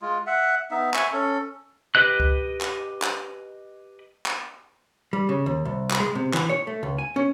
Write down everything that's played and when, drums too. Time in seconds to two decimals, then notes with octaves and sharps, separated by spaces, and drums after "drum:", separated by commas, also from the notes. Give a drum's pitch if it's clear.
0.02 G#3 F4
0.27 E5 F#5
0.71 B3 D#4 E5
0.94 E5 G#5 C#6, drum: clap
1.13 C#4 A4
1.95 G4 B4 D#5 F#6
2.20 drum: kick C#2
2.61 drum: clap
3.02 drum: clap
4.26 drum: clap
5.13 G3
5.29 C#3
5.46 D#2
5.65 C2
5.91 drum: clap
6.00 G#3
6.15 C3
6.34 E3, drum: clap
6.50 C#5
6.67 A3
6.83 C#2
6.98 G#5
7.16 C#4